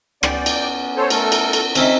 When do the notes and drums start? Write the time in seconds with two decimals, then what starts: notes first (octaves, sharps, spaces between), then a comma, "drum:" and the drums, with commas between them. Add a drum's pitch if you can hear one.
0.23 B3 C#4 D5 G5, drum: rim click
0.46 drum: cymbal
0.96 A4 C5 C#5
1.10 A3 A4 A#4, drum: cymbal
1.32 drum: cymbal
1.53 drum: cymbal
1.75 C4 C#4 D#4 E5, drum: cymbal